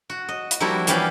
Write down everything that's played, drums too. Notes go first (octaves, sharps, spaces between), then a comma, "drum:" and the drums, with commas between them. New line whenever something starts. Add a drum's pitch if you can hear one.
F#4
D#5
drum: hi-hat
F3 G3 A#3 E4 F#4 A#4
E3 G3 C#4 G4 D5 F5, drum: hi-hat